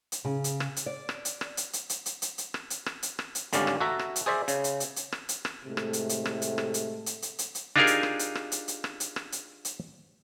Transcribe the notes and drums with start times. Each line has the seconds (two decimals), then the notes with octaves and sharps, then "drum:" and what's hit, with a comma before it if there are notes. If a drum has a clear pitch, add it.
0.12 drum: hi-hat
0.25 C#3
0.44 drum: hi-hat
0.60 drum: rim click
0.76 drum: hi-hat
0.86 D5
1.09 drum: rim click
1.25 drum: hi-hat
1.41 drum: rim click
1.57 drum: hi-hat
1.73 drum: hi-hat
1.89 drum: hi-hat
2.06 drum: hi-hat
2.22 drum: hi-hat
2.38 drum: hi-hat
2.54 drum: rim click
2.70 drum: hi-hat
2.86 drum: rim click
3.03 drum: hi-hat
3.19 drum: rim click
3.35 drum: hi-hat
3.53 G#1 D3 G3 C#4 D5 F5, drum: hi-hat
3.67 drum: rim click
3.80 F#4 A4 E5 A#5
3.99 drum: rim click
4.16 drum: hi-hat
4.26 G#4 C5 D5 E5
4.48 C#3, drum: hi-hat
4.64 drum: hi-hat
4.80 drum: hi-hat
4.96 drum: hi-hat
5.12 drum: rim click
5.29 drum: hi-hat
5.45 drum: rim click
5.65 A2 C3 G#3 A3
5.77 drum: rim click
5.93 drum: hi-hat
6.09 drum: hi-hat
6.26 drum: rim click
6.42 drum: hi-hat
6.58 drum: rim click
6.74 drum: hi-hat
7.06 drum: hi-hat
7.22 drum: hi-hat
7.39 drum: hi-hat
7.55 drum: hi-hat
7.76 D4 D#4 F4 G4 G#4 A#4
7.87 drum: hi-hat
8.03 drum: rim click
8.19 drum: hi-hat
8.35 drum: rim click
8.52 drum: hi-hat
8.68 drum: hi-hat
8.84 drum: rim click
9.00 drum: hi-hat
9.16 drum: rim click
9.32 drum: hi-hat
9.65 drum: hi-hat